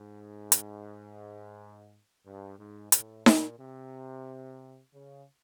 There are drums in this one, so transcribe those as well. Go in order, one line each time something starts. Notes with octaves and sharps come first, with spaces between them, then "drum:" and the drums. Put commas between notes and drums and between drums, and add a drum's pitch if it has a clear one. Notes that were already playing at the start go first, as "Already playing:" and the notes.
Already playing: G#2
drum: hi-hat
G2
G#2
A2, drum: hi-hat
A#2, drum: snare D#4
C3
C#3